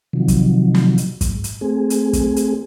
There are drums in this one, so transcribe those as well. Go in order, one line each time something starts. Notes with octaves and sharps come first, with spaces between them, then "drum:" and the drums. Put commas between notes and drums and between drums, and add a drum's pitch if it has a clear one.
C3 D#3 F3 F#3
drum: kick, hi-hat
drum: snare
drum: hi-hat
G#2, drum: kick, hi-hat
drum: hi-hat
A3 C4 G#4
drum: hi-hat
drum: kick, hi-hat
drum: hi-hat